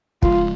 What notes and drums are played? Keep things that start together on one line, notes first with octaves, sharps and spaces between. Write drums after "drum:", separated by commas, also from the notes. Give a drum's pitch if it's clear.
C#3 F3 G#3 F4, drum: kick